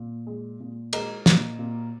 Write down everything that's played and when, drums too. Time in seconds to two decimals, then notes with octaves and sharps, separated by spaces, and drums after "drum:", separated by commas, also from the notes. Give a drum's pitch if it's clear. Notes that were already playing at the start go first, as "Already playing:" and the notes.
Already playing: A#2
0.27 G#3
0.60 A#2
0.93 G#3 A#4 D#5, drum: cymbal
1.26 A#2, drum: snare
1.59 A#2